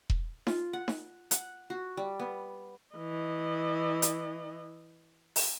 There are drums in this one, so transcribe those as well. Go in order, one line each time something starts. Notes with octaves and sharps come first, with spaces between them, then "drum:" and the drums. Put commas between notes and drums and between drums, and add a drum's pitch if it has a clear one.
drum: kick E1
F4, drum: snare D#4
F#5
drum: snare D#4
F#5, drum: hi-hat
F#4
G3
B3
E3 D#5
drum: hi-hat
drum: open hi-hat